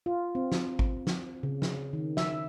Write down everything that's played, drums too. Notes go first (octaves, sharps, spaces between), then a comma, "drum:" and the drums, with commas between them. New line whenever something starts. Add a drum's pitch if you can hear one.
F4
C4
drum: snare
drum: kick G#1
drum: snare
C#3
drum: snare
D#3
E5, drum: snare